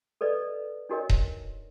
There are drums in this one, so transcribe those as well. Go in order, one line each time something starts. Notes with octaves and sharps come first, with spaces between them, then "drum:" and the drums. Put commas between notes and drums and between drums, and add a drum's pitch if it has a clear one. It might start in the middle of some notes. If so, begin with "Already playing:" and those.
A4 B4 D5 D#5
D4 D#4 F#4 A#4 C#5 D#5
drum: kick D#1